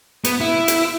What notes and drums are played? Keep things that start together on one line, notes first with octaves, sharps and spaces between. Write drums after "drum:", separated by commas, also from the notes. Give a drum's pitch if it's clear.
B3, drum: hi-hat
E4
drum: hi-hat